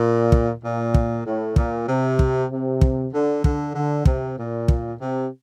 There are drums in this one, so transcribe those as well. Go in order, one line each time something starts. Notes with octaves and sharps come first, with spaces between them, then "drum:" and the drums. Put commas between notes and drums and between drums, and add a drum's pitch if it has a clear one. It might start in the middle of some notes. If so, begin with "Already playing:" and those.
Already playing: A#2
drum: kick
A#2
drum: kick
A2
A#2, drum: kick
C3
drum: kick
C3
drum: kick
D3
D3, drum: kick
D3
C3, drum: kick
A#2
drum: kick
C3